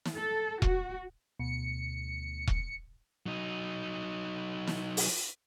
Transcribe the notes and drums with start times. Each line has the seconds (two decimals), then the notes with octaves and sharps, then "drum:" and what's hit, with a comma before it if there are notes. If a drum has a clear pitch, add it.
0.05 drum: snare
0.15 A4
0.62 F#4, drum: kick E1
1.40 D2 B2 C#7
2.47 drum: kick E1
3.26 F#3 D#4
4.67 drum: snare
4.97 drum: open hi-hat